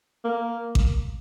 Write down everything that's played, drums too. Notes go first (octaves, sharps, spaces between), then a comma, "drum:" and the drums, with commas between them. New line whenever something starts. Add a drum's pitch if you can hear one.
A#3
drum: kick A1